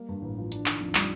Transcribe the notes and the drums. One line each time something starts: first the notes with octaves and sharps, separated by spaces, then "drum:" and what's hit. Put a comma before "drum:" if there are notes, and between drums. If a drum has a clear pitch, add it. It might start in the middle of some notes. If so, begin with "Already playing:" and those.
Already playing: G3 A#3
G2
A1
F3
D4, drum: hi-hat
D#3, drum: clap
F2
G3, drum: clap